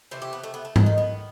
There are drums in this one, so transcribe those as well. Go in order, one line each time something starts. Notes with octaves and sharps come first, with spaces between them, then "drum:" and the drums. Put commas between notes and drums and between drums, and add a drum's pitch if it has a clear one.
C3 E3 A3 C5
G4
B3
A3
B3
A3
D#3 A3 B3, drum: tom G#2
D#4
B3